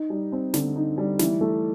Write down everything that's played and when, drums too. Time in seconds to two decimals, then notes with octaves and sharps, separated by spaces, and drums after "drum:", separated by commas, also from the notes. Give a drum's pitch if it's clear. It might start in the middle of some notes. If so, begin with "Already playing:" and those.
Already playing: D#4
0.10 G3
0.32 C4
0.54 D3, drum: snare
0.76 D#4
0.98 G3
1.19 E3, drum: snare
1.41 A3